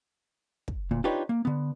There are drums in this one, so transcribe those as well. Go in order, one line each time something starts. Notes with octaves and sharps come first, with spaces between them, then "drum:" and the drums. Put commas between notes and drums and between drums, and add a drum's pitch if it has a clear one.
drum: kick
D2 A#2
D4 D#4 F4 G4 B4 C#5
A#3
D3 B3